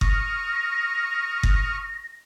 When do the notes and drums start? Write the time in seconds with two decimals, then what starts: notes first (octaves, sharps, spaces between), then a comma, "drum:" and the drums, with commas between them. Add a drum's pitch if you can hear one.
0.01 C#6 D#6 F6 A#6, drum: kick F#1
1.43 drum: kick F#1